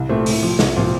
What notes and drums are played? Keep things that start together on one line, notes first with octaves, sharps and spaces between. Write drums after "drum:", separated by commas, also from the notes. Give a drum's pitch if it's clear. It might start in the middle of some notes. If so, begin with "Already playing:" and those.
Already playing: C2
A#2 A3 C4
A2, drum: open hi-hat
F3 C4
C2, drum: snare
A#2 F3 C4 F4